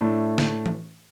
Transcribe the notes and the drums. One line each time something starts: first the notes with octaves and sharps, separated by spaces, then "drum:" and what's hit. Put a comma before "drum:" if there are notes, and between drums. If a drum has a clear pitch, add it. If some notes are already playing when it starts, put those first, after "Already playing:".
A2 A3 D4
drum: snare
drum: tom E3